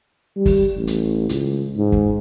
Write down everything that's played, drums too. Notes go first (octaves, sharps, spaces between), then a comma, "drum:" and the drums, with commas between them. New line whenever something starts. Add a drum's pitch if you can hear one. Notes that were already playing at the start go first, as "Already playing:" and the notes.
G3
drum: kick, open hi-hat
A1
drum: hi-hat
C#2, drum: hi-hat
G#2
drum: kick